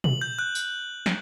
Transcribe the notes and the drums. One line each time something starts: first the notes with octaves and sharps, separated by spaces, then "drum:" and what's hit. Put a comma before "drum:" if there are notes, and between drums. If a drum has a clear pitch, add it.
F#7, drum: tom
G6
F#6
drum: tambourine
drum: snare